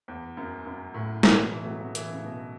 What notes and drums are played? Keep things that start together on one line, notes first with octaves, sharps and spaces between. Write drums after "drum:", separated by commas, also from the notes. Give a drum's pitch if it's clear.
E2
F#2
F#2
A2
B2, drum: snare
E3
F#3
E3
A3
F#3
F#3
E3, drum: hi-hat
C#3
B2